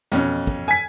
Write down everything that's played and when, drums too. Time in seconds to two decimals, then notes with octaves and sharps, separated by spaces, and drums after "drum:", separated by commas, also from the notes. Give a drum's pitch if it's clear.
0.12 F2 B2 C#4, drum: snare
0.47 drum: kick
0.68 G#5 B6